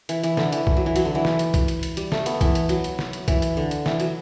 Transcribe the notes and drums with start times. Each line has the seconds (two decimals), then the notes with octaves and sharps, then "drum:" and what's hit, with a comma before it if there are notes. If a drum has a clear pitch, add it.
0.09 E3, drum: hi-hat
0.24 E3, drum: hi-hat
0.37 D3, drum: snare
0.52 E3, drum: hi-hat
0.67 drum: kick B1
0.77 F#3
0.86 E3
0.96 F#3, drum: hi-hat
1.05 D3
1.15 E3
1.25 drum: snare
1.39 drum: hi-hat
1.54 drum: kick B1, hi-hat
1.68 drum: hi-hat
1.83 drum: hi-hat
1.97 G3, drum: hi-hat
2.12 A3, drum: snare
2.26 B3, drum: hi-hat
2.41 E3, drum: kick B1, hi-hat
2.55 drum: hi-hat
2.69 F#3, drum: hi-hat
2.84 drum: hi-hat
2.99 drum: snare
3.13 drum: hi-hat
3.28 E3, drum: kick B1, hi-hat
3.42 drum: hi-hat
3.57 D3
3.71 drum: hi-hat
3.86 E3, drum: snare
4.00 F#3, drum: hi-hat